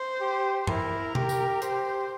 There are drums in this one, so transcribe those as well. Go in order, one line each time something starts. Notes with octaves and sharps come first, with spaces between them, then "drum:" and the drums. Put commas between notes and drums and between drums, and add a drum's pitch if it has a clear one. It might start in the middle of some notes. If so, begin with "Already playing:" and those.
Already playing: C5
G4
E4 A#4, drum: tom G2
G4, drum: tom B2
drum: tambourine
G4 C5, drum: hi-hat